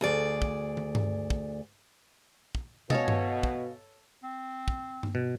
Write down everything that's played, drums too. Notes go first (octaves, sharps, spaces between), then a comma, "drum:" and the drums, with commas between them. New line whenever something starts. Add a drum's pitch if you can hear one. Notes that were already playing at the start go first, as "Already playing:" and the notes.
D2 G#4 D5
drum: kick
drum: tom
drum: tom G2
drum: kick
drum: kick
B2 A4 C#5 D#5 F5 G#5, drum: tom
drum: tom G2
drum: kick
C4
drum: kick
drum: tom G2
B2